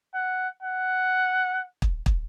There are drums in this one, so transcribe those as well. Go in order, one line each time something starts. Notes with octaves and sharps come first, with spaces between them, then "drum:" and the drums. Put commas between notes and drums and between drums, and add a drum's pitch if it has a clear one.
F#5
F#5
drum: kick
drum: kick